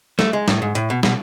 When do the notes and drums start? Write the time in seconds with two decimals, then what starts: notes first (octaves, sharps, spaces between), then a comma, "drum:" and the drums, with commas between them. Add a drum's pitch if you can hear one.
0.19 A3, drum: snare
0.33 G#3
0.48 A2, drum: snare
0.62 G#2
0.75 A2, drum: hi-hat
0.90 B2
1.03 B2, drum: snare